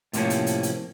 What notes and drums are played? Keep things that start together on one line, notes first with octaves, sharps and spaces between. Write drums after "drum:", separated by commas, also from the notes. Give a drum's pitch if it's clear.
A2 C3 F3 G#3 A#3 C#4, drum: hi-hat
drum: hi-hat
drum: hi-hat
drum: hi-hat